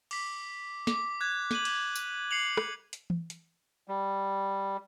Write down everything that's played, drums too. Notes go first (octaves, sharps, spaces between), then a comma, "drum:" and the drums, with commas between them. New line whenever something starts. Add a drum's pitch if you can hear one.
D6 B6, drum: cymbal
D6, drum: snare
F#6 G#6
G6 D#7 F#7, drum: snare
drum: cymbal
drum: tambourine
C7 C#7 F7 F#7
drum: rim click
drum: hi-hat
drum: tom E3
drum: hi-hat
G3